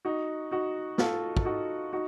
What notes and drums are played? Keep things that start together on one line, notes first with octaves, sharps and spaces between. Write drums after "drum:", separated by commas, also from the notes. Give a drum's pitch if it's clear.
D#4 F#4
D#4 F#4
F4 A4, drum: snare
A4, drum: kick
D#4 F#4
D#4 F#4